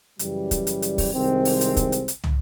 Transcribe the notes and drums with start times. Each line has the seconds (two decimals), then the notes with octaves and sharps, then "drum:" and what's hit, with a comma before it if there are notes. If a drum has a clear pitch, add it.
0.19 F#2 C#3 E3 G3, drum: hi-hat
0.51 drum: kick, hi-hat
0.67 drum: hi-hat
0.82 drum: hi-hat
0.98 drum: kick, open hi-hat
1.14 C2 C3 D#3 G#3 C4
1.45 drum: open hi-hat
1.61 drum: hi-hat
1.77 drum: kick, hi-hat
1.92 drum: hi-hat
2.08 drum: hi-hat
2.24 drum: tom